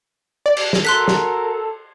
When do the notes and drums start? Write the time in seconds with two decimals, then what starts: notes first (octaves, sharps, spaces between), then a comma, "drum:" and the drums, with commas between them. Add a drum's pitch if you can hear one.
0.46 D5
0.57 drum: cymbal
0.73 drum: snare
0.85 F#4 A4 A#4 C6 F#6 B6
1.08 drum: snare